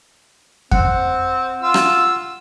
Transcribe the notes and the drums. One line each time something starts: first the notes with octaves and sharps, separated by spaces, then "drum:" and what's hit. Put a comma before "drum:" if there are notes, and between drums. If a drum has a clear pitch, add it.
C4 F#5, drum: kick F2
F4 E6
drum: rim click